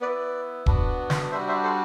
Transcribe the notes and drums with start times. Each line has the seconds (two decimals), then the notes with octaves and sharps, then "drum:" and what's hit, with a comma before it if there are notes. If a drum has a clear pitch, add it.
0.01 B3 E4 B4 D5
0.66 B3 D4 F#4, drum: kick
1.10 drum: snare
1.31 G3 D4 F#4 C5 E5
1.48 C5 E5
1.63 A4 C5